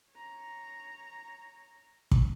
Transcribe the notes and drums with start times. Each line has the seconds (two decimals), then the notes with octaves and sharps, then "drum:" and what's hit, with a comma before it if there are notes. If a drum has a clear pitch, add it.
0.11 C#5 A#5
2.11 drum: kick